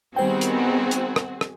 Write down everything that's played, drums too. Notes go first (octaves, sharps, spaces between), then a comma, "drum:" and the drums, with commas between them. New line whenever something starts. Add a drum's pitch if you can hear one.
D#3 G3 B3 C4 F#4 G#4 C5 G5
drum: hi-hat
drum: hi-hat
drum: rim click
drum: rim click